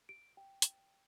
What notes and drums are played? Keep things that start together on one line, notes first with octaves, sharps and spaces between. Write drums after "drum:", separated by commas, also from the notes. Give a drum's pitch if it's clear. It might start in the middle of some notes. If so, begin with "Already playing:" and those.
D7
G5
drum: hi-hat